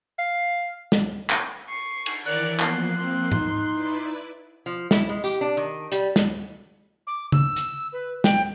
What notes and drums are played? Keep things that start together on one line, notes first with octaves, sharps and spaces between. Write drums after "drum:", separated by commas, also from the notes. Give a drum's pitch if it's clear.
F5
drum: snare
drum: clap
C#6 C7
drum: cymbal
D#3 E3 E4 A#4 D5 F#6, drum: cymbal
F3 A#3 B3 G6 C7, drum: clap
C4 C6
D#4, drum: tom G#2
E4 B4 D5
F3
E4, drum: snare
G#3
G4, drum: tambourine
D4
D#3
G3, drum: hi-hat
drum: snare
D6
E6, drum: tom C#3
drum: hi-hat
B4
G5, drum: snare